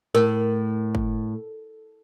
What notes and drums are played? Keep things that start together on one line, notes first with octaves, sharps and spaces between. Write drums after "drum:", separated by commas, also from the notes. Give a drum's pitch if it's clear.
A2 A#4
drum: kick G1